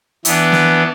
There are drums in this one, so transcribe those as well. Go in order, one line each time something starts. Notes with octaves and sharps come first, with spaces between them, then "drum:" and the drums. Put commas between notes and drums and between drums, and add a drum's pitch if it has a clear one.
E3 B3 D4, drum: hi-hat
drum: snare